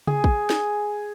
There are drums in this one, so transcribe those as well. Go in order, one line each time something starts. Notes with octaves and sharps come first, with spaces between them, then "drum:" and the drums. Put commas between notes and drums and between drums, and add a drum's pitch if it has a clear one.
G#4, drum: tom C#3
drum: kick
drum: snare